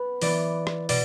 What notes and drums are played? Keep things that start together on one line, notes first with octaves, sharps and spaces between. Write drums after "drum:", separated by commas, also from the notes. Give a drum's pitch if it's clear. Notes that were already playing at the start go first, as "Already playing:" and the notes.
Already playing: B3 B4
E3 B3 D5, drum: open hi-hat
drum: rim click
B2 D5, drum: open hi-hat